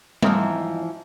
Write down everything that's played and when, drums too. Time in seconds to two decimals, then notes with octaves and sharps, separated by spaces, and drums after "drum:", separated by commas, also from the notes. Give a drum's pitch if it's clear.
0.22 G#1 E3 F3 D#4 F4, drum: tom G3